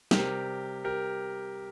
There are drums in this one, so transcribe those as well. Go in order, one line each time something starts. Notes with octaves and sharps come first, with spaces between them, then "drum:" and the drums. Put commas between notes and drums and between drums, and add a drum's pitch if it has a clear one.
C3 G3 G4 A#4, drum: snare
G4 A#4